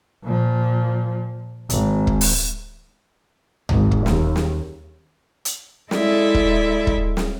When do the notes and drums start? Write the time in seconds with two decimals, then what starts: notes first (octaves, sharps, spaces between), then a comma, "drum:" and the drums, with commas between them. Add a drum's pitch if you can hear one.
0.24 A#2 F3
1.70 G#1, drum: hi-hat
2.07 drum: kick
2.21 drum: open hi-hat
3.69 G#1, drum: tom C#2
3.91 drum: kick
4.06 D#2, drum: snare
4.36 drum: snare
5.45 drum: hi-hat
5.91 G#3 E4 A4 D5 E5, drum: snare
6.34 drum: kick
6.87 drum: kick
7.17 drum: snare